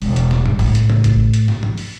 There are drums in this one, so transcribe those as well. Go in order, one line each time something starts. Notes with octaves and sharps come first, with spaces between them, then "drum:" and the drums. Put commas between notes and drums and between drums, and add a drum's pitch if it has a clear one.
E1, drum: open hi-hat
drum: hi-hat
drum: snare
drum: tom G#2
A2, drum: open hi-hat
drum: hi-hat
drum: tom C#3
drum: kick G#1, hi-hat
drum: hi-hat
drum: snare
drum: tom G#2
drum: open hi-hat